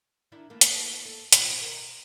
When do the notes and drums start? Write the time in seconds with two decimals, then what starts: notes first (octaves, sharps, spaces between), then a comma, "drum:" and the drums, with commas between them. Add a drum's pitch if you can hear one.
0.32 D#3 D4 E4
0.50 E3 A3 A#3
0.61 drum: hi-hat
1.05 A4
1.32 B2 D#3 F3, drum: hi-hat
1.62 A#4